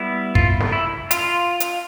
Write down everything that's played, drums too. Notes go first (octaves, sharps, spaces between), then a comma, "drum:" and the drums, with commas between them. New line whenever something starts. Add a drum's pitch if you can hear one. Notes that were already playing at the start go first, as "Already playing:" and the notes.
Already playing: G3 B3 E4
F4, drum: kick
drum: snare
E4
F4, drum: hi-hat
drum: hi-hat